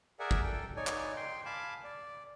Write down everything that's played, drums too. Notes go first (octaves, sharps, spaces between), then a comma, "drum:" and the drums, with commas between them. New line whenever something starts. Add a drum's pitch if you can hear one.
G#4 A#4 D5 E5 F#5 G#5
drum: kick
A4 G5
D#4 C#5 D5 G#5
drum: clap
G5 C6
F5 G#5 A5 B5 D6
D5